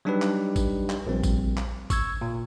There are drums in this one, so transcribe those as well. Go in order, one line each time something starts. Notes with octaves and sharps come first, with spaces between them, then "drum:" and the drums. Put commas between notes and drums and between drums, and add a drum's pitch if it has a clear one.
F#3 G3 D4 D#4 G4 B4
drum: clap
drum: kick G#1, tambourine
drum: clap
A#1 G3 C4
drum: kick G#1, tambourine
drum: clap
C#6 E6 G#6, drum: kick G#1, tambourine
A#2